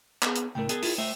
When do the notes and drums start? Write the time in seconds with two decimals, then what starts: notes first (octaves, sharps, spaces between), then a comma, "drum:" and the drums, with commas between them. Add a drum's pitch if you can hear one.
0.22 B3 G#4, drum: clap
0.35 drum: hi-hat
0.55 C#2 A2 A3 A#4 G5
0.69 B3 G#4 A4, drum: hi-hat
0.82 E4 F4 G#4, drum: open hi-hat
0.98 A3 C5 E5